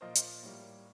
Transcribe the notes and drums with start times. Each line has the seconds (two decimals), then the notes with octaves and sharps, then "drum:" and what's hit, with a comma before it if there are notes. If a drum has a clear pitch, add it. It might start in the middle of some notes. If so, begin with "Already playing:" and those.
0.01 A#2 F3 A#3 C5 D#5
0.15 drum: hi-hat
0.43 A2 G3 A#3